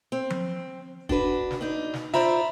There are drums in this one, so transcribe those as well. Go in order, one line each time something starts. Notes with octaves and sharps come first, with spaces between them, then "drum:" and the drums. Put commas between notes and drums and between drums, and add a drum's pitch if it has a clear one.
C4
drum: tom F3
D4 F#4 B4, drum: kick
drum: snare
D4 D#4
drum: snare
F4 C5 D5 E5 A#5 B5, drum: snare